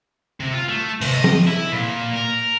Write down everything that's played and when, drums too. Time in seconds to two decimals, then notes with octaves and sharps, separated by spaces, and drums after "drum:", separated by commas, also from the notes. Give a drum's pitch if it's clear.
0.40 C3
0.53 F4
0.69 A3
1.01 C3, drum: open hi-hat
1.14 D#5
1.24 drum: tom
1.47 E4
1.72 A#2
2.14 A#4